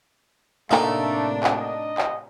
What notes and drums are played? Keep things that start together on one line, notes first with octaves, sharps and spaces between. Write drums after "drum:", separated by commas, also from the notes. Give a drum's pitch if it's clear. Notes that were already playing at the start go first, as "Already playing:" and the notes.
A2 C3 A3 A#3 D4 D#4 A4, drum: clap
drum: clap
D#5
drum: clap